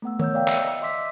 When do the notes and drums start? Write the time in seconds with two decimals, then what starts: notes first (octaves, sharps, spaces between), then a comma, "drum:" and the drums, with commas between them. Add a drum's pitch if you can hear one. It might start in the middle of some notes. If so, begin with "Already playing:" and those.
0.02 A3 B3 F#5 E6
0.19 A#4 C#5 E6 G6, drum: tom D#3
0.34 D5 F5 G5
0.47 E5 E6, drum: clap
0.62 D#5
0.81 D#5 E5 C6 D6 E6 B6